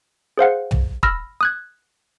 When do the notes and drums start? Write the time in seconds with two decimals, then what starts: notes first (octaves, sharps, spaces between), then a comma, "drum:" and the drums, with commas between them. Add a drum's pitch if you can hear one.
0.38 G#4 C5 F5 F#5
0.71 drum: tom
1.03 B5 E6 F6 A#6, drum: kick
1.41 D#6 F#6 G#6